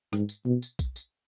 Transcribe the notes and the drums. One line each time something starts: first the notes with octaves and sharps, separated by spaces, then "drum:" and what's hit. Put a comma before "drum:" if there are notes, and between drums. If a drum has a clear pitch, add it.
G#2, drum: rim click
drum: tambourine
B2
drum: tambourine
drum: kick, tambourine
drum: tambourine